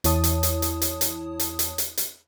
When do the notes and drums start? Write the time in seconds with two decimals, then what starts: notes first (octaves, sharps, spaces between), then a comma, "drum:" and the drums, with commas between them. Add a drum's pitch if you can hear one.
0.04 E2 E4 C#5 A5 D#6, drum: hi-hat
0.24 drum: hi-hat
0.43 drum: hi-hat
0.62 drum: hi-hat
0.82 drum: hi-hat
1.01 drum: hi-hat
1.39 drum: hi-hat
1.59 drum: hi-hat
1.78 drum: hi-hat
1.97 drum: hi-hat